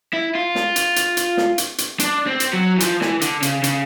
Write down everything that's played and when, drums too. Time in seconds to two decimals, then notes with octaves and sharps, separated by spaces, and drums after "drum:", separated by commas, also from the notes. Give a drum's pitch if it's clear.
0.14 E4
0.35 F4
0.55 drum: snare
0.76 drum: hi-hat
0.96 drum: hi-hat
1.17 drum: hi-hat
1.37 drum: snare
1.58 drum: hi-hat
1.78 drum: hi-hat
1.99 D4, drum: hi-hat
2.27 C4
2.40 drum: hi-hat
2.53 F#3
2.77 E3
2.80 F3, drum: hi-hat
3.01 E3, drum: snare
3.21 D3, drum: hi-hat
3.42 C#3, drum: hi-hat
3.63 C#3, drum: hi-hat